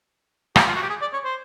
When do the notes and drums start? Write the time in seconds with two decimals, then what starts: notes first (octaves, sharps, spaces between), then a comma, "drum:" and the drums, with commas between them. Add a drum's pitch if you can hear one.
0.56 G4, drum: rim click
0.67 F4
0.75 F#4
0.82 G4
0.90 G#4
1.01 D5
1.13 C#5
1.25 C5